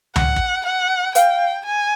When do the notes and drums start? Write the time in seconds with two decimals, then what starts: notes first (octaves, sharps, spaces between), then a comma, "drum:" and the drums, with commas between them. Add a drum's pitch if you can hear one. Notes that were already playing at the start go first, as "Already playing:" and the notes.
0.16 F#5, drum: tom C#2
0.36 drum: kick
0.66 F#5
1.15 F5 G5, drum: hi-hat
1.65 G#5